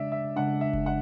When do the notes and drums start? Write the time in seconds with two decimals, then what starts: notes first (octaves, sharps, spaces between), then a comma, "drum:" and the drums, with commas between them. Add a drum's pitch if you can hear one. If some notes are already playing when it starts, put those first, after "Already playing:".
Already playing: C#3 G#3 D4 D5 E5
0.12 E5
0.36 C#3 G#3 D4 F#5
0.61 E5
0.73 drum: kick F#1
0.86 F#5